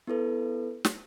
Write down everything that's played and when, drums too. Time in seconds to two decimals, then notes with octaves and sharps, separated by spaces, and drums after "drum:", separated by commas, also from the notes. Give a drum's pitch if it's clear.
0.07 B3 E4 A4 B4
0.85 drum: snare